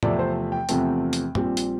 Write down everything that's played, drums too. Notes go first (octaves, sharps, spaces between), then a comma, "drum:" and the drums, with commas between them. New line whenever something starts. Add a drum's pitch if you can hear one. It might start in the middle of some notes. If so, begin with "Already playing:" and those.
E2 C3 F3 A3 C4 D5, drum: tom
C5
G5
E2 C3 F3 A3 C4, drum: hi-hat
drum: hi-hat
A#1 A#2 G3 C4, drum: tom
drum: hi-hat